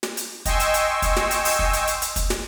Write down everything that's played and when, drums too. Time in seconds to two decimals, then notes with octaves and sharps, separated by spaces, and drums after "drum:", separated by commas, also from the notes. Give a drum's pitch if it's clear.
0.03 drum: snare
0.17 drum: hi-hat
0.45 D#5 G5 G#5 C6 C#6 E6, drum: kick, hi-hat
0.60 drum: hi-hat
0.74 drum: hi-hat
1.02 drum: kick, hi-hat
1.16 drum: snare
1.31 drum: hi-hat
1.45 drum: open hi-hat
1.59 drum: kick
1.73 drum: hi-hat
1.87 drum: hi-hat
2.02 drum: hi-hat
2.16 drum: kick, hi-hat
2.30 drum: snare